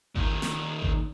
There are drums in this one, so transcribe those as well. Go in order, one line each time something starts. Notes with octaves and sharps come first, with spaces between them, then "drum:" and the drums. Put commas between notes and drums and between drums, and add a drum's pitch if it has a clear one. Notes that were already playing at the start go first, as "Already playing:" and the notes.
A#2 D#3, drum: kick G#1
drum: snare
drum: kick G#1